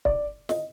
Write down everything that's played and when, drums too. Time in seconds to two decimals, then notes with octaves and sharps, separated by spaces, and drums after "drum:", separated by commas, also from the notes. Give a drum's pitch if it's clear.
0.05 D5, drum: kick C#1
0.49 D#5, drum: snare